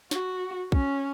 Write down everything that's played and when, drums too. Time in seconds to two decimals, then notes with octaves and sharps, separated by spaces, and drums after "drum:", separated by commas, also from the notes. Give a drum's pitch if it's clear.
0.11 F#4, drum: snare
0.72 C#4, drum: kick